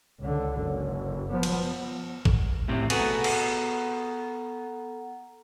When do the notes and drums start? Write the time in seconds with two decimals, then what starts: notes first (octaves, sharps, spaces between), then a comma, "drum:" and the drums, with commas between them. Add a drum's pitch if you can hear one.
0.20 C#2 D3
0.59 F#1
1.31 F3 B3
1.43 drum: cymbal
2.25 drum: kick
2.68 A2 C3 C4
2.90 B3 F#4 G#4 A4 F#5 A#5, drum: cymbal
3.24 drum: cymbal